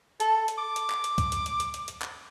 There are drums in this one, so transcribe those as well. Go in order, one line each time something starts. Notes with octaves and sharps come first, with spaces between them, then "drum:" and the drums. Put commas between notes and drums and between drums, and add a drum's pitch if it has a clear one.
A4, drum: hi-hat
drum: hi-hat
D6
drum: hi-hat
drum: clap
drum: hi-hat
drum: kick, hi-hat
drum: hi-hat
drum: hi-hat
drum: hi-hat
drum: hi-hat
drum: hi-hat
drum: clap